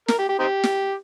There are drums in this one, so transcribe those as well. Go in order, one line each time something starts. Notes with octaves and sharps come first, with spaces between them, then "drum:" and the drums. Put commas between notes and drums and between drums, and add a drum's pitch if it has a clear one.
A#4, drum: snare
G4
G4
C4 D#4 G4
drum: snare